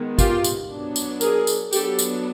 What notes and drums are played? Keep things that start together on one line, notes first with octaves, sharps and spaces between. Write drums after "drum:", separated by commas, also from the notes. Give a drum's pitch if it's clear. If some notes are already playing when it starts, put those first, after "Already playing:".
Already playing: D#3 G#3 B3
F4 G4, drum: kick G#1, tambourine
drum: tambourine
F#3 B3 D4
drum: tambourine
G#4 A#4, drum: tambourine
drum: tambourine
F#3 B3 D4 G4 A4, drum: tambourine
drum: tambourine